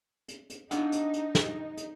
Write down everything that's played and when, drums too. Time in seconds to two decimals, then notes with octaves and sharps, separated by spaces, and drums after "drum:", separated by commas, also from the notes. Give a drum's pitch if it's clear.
0.28 drum: hi-hat
0.50 drum: hi-hat
0.71 D4 D#4 F5 F#5, drum: hi-hat
0.92 drum: hi-hat
1.14 drum: hi-hat
1.35 drum: snare
1.77 drum: hi-hat